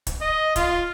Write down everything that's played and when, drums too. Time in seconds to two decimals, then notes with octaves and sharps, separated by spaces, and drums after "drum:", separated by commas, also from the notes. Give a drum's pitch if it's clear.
0.07 drum: kick, hi-hat
0.21 D#5
0.56 F4, drum: kick, hi-hat